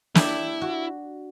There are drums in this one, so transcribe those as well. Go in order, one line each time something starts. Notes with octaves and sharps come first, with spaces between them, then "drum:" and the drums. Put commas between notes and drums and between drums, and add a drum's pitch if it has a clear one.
D4 E4 G4, drum: snare
F#4